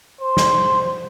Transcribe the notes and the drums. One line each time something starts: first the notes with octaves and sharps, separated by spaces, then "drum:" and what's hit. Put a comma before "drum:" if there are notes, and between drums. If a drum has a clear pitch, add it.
C5
drum: snare